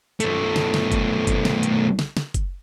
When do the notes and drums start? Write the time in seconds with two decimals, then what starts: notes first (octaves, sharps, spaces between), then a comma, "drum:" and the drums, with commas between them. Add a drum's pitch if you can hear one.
0.20 B1 A3, drum: hi-hat
0.56 drum: snare
0.74 drum: snare
0.92 drum: kick, hi-hat
1.27 drum: kick, hi-hat
1.45 drum: snare
1.63 drum: hi-hat
1.99 drum: snare
2.17 drum: snare
2.34 drum: kick, hi-hat